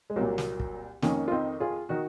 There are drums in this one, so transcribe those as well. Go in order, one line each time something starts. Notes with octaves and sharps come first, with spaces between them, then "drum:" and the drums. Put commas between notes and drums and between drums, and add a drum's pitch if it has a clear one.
G#3
C2 A#2 F#3 A#3
drum: snare
drum: kick
F2 D#3 A#3 C#4, drum: snare
F4
C4 D#4
F4 G#4
D#3 D#4 F#4